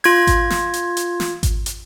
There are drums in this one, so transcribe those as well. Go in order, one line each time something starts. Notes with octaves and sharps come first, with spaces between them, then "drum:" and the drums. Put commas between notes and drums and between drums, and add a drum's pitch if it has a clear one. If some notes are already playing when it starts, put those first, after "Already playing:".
F4 G#6, drum: open hi-hat
drum: kick G#1, hi-hat
drum: snare
drum: hi-hat
drum: hi-hat
drum: snare
drum: kick G#1, hi-hat
drum: hi-hat